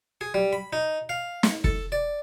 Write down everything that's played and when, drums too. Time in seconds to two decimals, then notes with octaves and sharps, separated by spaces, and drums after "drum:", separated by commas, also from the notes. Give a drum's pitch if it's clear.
0.21 G#4
0.34 G3
0.53 B5
0.73 D#4
1.09 F5
1.43 drum: snare
1.64 A4, drum: kick
1.92 D5